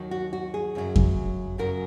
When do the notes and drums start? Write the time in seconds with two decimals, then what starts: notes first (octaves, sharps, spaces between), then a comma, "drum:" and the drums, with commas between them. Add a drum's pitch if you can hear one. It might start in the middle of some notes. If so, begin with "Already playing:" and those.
Already playing: D#2 D#3 F#3
0.11 F#4
0.33 F#4
0.54 G#4
0.75 F#2 C#3 F#3
0.96 drum: kick F2
1.58 F#2 C#3 F#3 A#4